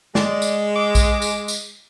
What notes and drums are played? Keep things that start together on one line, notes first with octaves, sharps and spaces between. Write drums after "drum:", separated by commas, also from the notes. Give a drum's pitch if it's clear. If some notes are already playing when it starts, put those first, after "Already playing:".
G#3 D5, drum: snare
drum: tambourine
D6
drum: kick, tambourine
drum: tambourine
drum: tambourine